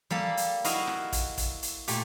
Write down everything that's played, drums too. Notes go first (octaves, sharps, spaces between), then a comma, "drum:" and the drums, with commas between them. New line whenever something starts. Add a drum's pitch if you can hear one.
G3 A#3 A4
drum: hi-hat
E4 F#4 D#5 F5, drum: hi-hat
drum: rim click
drum: kick, hi-hat
drum: kick, hi-hat
drum: hi-hat
A#2 A3 G4, drum: hi-hat